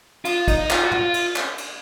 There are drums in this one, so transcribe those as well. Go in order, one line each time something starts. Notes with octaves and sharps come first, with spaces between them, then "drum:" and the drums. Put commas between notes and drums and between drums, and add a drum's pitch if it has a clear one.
F4, drum: cymbal
D#4, drum: kick, cymbal
F4, drum: clap
F#4
F4, drum: tom
drum: cymbal
drum: clap
drum: cymbal